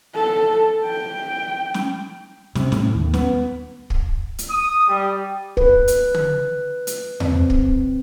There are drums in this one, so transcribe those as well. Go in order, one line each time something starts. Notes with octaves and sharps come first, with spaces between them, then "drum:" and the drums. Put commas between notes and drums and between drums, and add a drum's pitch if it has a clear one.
A4
G5
drum: snare
C3, drum: snare
A2, drum: snare
D#2
B3, drum: snare
drum: kick
drum: hi-hat
D#6
G3
B4, drum: kick
drum: hi-hat
drum: tom
drum: hi-hat
C4, drum: tom E2
drum: kick